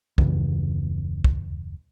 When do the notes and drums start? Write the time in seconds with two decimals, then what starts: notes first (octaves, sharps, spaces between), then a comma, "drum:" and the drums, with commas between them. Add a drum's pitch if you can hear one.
0.18 D#1 F#2 C#3 E3, drum: kick
1.24 drum: kick